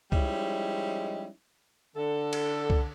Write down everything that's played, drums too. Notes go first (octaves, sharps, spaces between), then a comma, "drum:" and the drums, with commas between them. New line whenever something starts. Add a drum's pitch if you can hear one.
F3 G3 G#3 C#4 D#4 E4, drum: kick C2
D3 A4
drum: cymbal
drum: kick C2